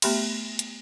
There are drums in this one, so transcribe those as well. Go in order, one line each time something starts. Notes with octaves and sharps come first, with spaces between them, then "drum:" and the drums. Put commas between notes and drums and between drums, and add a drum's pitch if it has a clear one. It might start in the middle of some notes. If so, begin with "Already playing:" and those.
A3 B3 G4 E5 B5 C6, drum: cymbal
drum: hi-hat